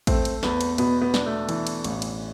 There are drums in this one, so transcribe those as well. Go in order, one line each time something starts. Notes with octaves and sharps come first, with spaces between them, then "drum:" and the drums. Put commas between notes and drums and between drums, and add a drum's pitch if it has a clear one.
A3 C4, drum: kick A1, cymbal
drum: cymbal
E2 B3, drum: snare
drum: cymbal
B2 B3, drum: cymbal
B3
D4, drum: snare
A3
E3, drum: cymbal
drum: cymbal
A1, drum: cymbal
drum: cymbal